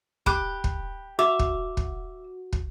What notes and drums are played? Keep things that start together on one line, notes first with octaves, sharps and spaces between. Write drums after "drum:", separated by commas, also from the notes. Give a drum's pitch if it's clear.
G4 B5 D6 F#6, drum: kick
drum: kick
F#4 E5 D6
drum: kick
drum: kick
drum: kick